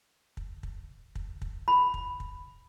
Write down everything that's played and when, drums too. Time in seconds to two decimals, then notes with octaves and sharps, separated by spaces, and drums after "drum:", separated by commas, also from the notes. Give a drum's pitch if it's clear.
0.37 drum: kick
0.63 drum: kick
1.15 drum: kick
1.42 drum: kick
1.68 B5
1.94 drum: kick
2.20 drum: kick